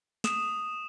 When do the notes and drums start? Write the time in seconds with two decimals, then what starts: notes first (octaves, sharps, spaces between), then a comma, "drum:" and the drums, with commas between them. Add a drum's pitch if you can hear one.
0.24 D#6 E7, drum: snare